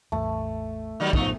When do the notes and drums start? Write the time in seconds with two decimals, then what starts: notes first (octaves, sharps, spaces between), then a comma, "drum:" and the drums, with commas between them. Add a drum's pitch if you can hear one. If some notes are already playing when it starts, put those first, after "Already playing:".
0.12 A1 E2 A3
1.00 D#3 F#3 G3
1.13 A1 F3 B3 D#4, drum: kick